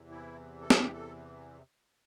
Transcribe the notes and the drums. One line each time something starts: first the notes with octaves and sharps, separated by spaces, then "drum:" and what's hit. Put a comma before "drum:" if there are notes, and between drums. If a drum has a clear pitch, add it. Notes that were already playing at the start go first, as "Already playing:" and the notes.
Already playing: E2 C3 E3
E4
A4
E2 C3 E3 G4, drum: snare B3
A4